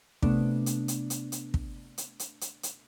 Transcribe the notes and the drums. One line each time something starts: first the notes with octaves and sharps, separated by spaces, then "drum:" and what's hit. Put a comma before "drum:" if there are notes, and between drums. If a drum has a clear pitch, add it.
C3 A3 B3 D4, drum: kick
drum: hi-hat
drum: hi-hat
drum: hi-hat
drum: hi-hat
drum: kick
drum: hi-hat
drum: hi-hat
drum: hi-hat
drum: hi-hat